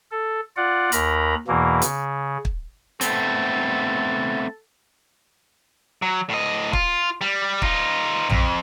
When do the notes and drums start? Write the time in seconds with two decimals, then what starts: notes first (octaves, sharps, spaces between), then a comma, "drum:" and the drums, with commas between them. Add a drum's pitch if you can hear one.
0.11 A4
0.57 F4 D5 F#5
0.92 D#2 A#4 A#5 B5, drum: hi-hat
1.48 E2 B2 E3 A#3
1.82 C#3, drum: hi-hat
2.45 drum: kick
3.01 A3 B3 C4 A4, drum: hi-hat
6.02 F#3
6.29 A2 D#5
6.73 F4, drum: kick
7.21 G3
7.62 D#4 F4, drum: kick
8.29 F2, drum: tom A#1